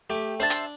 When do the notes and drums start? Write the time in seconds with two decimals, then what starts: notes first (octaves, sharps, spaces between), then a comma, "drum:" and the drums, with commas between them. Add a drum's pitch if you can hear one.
0.10 A3 G4
0.40 D4 C5 E5 A5
0.50 drum: hi-hat